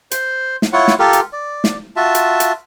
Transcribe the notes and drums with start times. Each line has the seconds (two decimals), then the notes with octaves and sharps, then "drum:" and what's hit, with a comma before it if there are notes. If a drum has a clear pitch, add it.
0.11 C5, drum: hi-hat
0.62 drum: snare
0.73 E4 F4 C#5 F#5
0.88 drum: snare
0.99 F4 G4 A4 A#4
1.13 drum: hi-hat
1.33 D5
1.64 drum: snare
1.96 F4 F#4 E5 A5
2.15 drum: hi-hat
2.40 drum: hi-hat